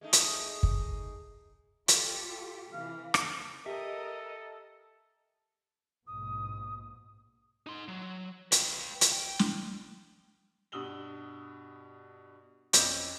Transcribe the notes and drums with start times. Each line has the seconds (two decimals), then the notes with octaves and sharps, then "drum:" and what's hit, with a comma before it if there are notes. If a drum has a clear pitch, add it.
0.01 G#3 A3 D#4
0.13 drum: hi-hat
0.63 drum: kick
1.88 F4 G4 A4, drum: hi-hat
2.73 C3 E3 F5
3.14 drum: rim click
3.66 G4 A4 A#4 D#5 E5
6.07 A#1 G#2 B2 D#6
7.67 D#4 C6
7.88 F#3
8.52 B4 G5, drum: hi-hat
9.01 drum: hi-hat
9.12 G5
9.39 drum: snare
10.72 G2 B2 D#6 E6 F#7 G7
12.73 F2 C#4 D#5 D6 E6 G6, drum: hi-hat